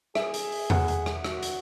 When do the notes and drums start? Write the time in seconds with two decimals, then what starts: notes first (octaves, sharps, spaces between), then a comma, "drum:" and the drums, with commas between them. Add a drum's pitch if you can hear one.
0.15 G#4 E5, drum: rim click
0.34 drum: hi-hat
0.52 drum: open hi-hat
0.70 F#5, drum: tom E2
0.88 drum: hi-hat
1.06 drum: rim click
1.24 F#4, drum: rim click
1.42 drum: hi-hat